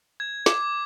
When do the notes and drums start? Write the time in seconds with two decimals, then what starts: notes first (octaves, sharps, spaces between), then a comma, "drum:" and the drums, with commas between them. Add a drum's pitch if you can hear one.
0.20 G#6
0.46 D6, drum: snare